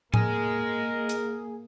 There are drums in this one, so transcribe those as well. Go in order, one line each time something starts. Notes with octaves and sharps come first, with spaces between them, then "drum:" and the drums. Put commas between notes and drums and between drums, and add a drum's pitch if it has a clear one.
A#3 G#4 A#4 D#5 G#5, drum: tom A2
drum: hi-hat